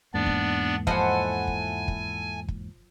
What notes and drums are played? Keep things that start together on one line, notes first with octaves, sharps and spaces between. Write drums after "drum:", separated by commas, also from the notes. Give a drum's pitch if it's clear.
E2 G#2 A#3 B3 D4 D5
drum: kick
F3 E4 A4 C5 D#5 F#5 G#5, drum: kick
drum: kick
drum: kick
drum: kick